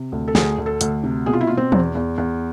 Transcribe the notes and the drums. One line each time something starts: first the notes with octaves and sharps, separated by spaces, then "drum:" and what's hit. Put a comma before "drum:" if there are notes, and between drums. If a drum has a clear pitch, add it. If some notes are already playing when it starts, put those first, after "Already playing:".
Already playing: C3
D2
A4
D2 G#4, drum: snare
D2
A4
D2, drum: hi-hat
C3
B2 G#4
F4
E4
B2 F4
C4
E2, drum: tom E3
E2
E2